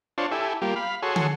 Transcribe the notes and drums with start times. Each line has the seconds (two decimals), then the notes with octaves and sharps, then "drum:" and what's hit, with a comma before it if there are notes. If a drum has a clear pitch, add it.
0.18 D4 F4 C5 C#5 A5
0.32 E4 G4 A4 G#5
0.62 G3 A#3 F4 G4
0.76 F5 B5
1.03 F#4 G#4 A4 C#5 C6
1.16 drum: tom